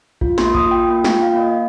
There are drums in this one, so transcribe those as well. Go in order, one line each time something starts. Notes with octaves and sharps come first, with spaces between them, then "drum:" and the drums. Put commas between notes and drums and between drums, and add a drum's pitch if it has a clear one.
F4, drum: kick A#1
C6, drum: snare
A#3
D#6, drum: kick A#1
F4
G5
A#3
G5, drum: snare
F4
F5
A#3
D#5